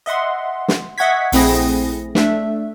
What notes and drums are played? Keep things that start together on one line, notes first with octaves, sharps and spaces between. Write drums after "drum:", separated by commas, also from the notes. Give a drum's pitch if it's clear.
D#5 E5 F#5 C6
drum: snare
D#5 E5 F#5 C#6 G#6 B6
A#1 A3 C4 E4 G#4 A#6, drum: open hi-hat
A3 D4 E5, drum: snare